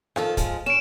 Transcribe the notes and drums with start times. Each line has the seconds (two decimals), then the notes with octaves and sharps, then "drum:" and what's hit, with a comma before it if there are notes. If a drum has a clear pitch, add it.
0.16 D#3 F3 A4, drum: rim click
0.37 F3 G#3, drum: kick, hi-hat
0.66 C#4 D7 E7